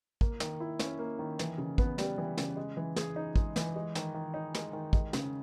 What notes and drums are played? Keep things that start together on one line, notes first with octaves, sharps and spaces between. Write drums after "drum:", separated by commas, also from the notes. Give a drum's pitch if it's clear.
A#3, drum: kick
D#3, drum: snare
E4
C#4, drum: snare
A#3
D#3
E3, drum: snare
C#3
B3, drum: kick
G3, drum: snare
E3
C#3, drum: snare
G#3
E3
G#4, drum: snare
D#4
G#3, drum: kick
E3, drum: snare
G#3
D#3, drum: snare
D#3
D#4
G#3, drum: snare
D#3
G#3, drum: kick
C#3, drum: snare